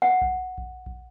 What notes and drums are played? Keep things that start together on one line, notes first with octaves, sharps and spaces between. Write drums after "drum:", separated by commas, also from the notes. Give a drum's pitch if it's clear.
F#5
drum: kick A#1
drum: kick A#1
drum: kick A#1